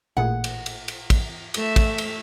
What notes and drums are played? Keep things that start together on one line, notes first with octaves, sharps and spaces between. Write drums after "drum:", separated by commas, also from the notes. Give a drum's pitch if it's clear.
A1 A#2 G#4 F#5
drum: cymbal
drum: cymbal
drum: cymbal
drum: kick, cymbal
A3 E5, drum: cymbal
drum: kick, cymbal
drum: cymbal